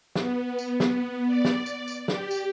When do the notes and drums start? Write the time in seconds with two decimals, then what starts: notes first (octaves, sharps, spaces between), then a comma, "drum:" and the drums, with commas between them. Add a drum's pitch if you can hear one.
0.15 B3, drum: snare
0.59 drum: tambourine
0.80 drum: snare
1.26 D5
1.45 drum: snare
1.66 drum: tambourine
1.88 drum: tambourine
2.08 G4, drum: snare
2.31 drum: tambourine